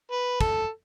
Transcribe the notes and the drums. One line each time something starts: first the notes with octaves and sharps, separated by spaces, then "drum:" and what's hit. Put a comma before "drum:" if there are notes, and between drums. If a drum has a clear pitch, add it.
B4
A4, drum: kick